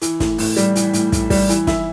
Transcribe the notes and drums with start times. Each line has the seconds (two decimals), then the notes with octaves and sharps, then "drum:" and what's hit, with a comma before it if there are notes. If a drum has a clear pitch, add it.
0.02 E3, drum: hi-hat
0.20 A2, drum: snare
0.38 A2, drum: open hi-hat
0.57 G3, drum: hi-hat
0.76 E3, drum: hi-hat
0.93 A2, drum: hi-hat
1.12 A2, drum: kick, hi-hat
1.30 G3, drum: kick, open hi-hat
1.49 E3, drum: hi-hat
1.67 E4, drum: snare